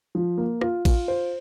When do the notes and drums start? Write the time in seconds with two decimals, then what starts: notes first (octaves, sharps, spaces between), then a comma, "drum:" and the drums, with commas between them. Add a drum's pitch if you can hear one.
0.15 F3
0.38 A#3
0.61 F4, drum: rim click
0.85 F4, drum: kick A1, cymbal
1.08 C5